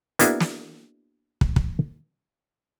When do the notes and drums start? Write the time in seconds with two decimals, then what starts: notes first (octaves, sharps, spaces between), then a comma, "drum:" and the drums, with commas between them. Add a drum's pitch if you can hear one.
0.19 A#3 B3 D4 E4 F#4 G#4, drum: hi-hat
0.40 drum: snare
1.41 drum: kick
1.56 drum: kick